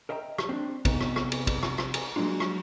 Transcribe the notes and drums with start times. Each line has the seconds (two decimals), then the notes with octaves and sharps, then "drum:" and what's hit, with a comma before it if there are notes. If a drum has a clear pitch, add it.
0.09 A#4 D#5 E5 G5 A#5
0.38 drum: rim click
0.49 C4 D4
0.85 C3 B3 D#4, drum: kick, cymbal
1.01 drum: rim click
1.16 drum: rim click
1.32 drum: cymbal
1.47 drum: kick, cymbal
1.63 drum: rim click
1.78 drum: rim click
1.94 drum: cymbal
2.16 F#3 G#3 A#3 D4 F4
2.40 drum: rim click